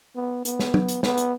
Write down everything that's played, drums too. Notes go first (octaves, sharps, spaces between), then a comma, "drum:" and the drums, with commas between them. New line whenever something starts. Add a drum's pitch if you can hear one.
B3
B3, drum: hi-hat
drum: snare
drum: tom F#3
drum: hi-hat
B3, drum: snare
drum: hi-hat